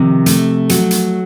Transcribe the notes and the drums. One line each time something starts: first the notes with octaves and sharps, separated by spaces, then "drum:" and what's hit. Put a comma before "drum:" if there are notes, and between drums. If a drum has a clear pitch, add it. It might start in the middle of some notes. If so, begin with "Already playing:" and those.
Already playing: C3 D#3 F3
A3, drum: hi-hat
F#3, drum: hi-hat
drum: hi-hat